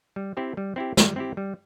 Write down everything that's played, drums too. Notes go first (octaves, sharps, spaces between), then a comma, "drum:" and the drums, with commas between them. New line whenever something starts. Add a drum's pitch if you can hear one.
G3
C4 E4 G4
G3
C4 E4 G4
G3, drum: snare
C4 E4 G4
G3